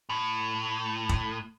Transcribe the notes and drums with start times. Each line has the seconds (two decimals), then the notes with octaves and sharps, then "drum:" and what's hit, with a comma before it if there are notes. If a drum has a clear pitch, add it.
0.09 A2
1.09 drum: kick F1